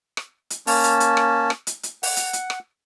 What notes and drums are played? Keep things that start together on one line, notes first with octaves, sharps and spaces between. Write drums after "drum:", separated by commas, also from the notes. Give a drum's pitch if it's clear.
drum: rim click
drum: hi-hat
A#3 C#4 A5, drum: open hi-hat
drum: hi-hat
drum: hi-hat
drum: rim click
drum: rim click
drum: hi-hat
drum: hi-hat
F#5, drum: open hi-hat
drum: hi-hat
drum: hi-hat
drum: rim click